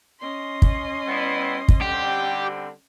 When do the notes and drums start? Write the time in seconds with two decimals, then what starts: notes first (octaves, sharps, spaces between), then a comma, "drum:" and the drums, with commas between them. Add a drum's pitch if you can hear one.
0.21 C#4 D#5 C6
0.62 drum: kick
1.07 G3 B3 E4
1.68 drum: kick
1.82 D3 G3 C4 G4